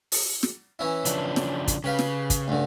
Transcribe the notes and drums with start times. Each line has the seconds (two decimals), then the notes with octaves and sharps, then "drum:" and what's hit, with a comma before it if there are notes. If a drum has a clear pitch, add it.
0.12 drum: open hi-hat
0.43 drum: snare
0.79 E3 C#4 E4
1.05 C#3 F3 D4, drum: hi-hat
1.36 drum: snare
1.68 drum: kick, hi-hat
1.84 C#3 G4 B4 F5
1.99 drum: snare
2.30 drum: kick, hi-hat
2.48 D2 G2 D3